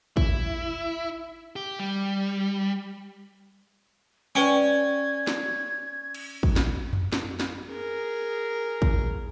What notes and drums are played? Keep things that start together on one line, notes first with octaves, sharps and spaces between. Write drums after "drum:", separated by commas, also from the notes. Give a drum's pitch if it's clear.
E4, drum: kick
G4
G3
C#4 B4 D5 G5 G#5 G#6
drum: snare
drum: cymbal
drum: kick
drum: snare
drum: tom F2
drum: snare
drum: snare
G#4 A#4
drum: kick